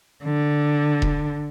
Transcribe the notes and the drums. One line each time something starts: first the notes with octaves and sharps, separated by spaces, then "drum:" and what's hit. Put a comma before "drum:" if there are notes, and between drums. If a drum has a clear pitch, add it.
D3
drum: kick E1